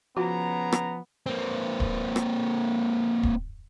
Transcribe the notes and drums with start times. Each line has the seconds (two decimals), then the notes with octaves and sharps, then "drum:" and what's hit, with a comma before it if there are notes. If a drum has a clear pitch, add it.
0.17 C#3 F3 B3 F#4 A#5
0.72 drum: rim click
1.26 A#3 C4
1.80 drum: kick D1
2.16 drum: rim click
3.23 drum: kick D1